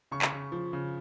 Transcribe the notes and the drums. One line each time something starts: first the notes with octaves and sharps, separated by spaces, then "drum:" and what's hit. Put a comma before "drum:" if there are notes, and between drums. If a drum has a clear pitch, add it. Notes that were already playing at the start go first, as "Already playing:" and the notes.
C#3 C#6
drum: clap
C#3
F3
C#3